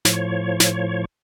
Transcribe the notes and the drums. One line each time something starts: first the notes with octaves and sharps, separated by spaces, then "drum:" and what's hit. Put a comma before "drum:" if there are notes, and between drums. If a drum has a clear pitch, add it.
A2 F3 C#5, drum: snare
drum: snare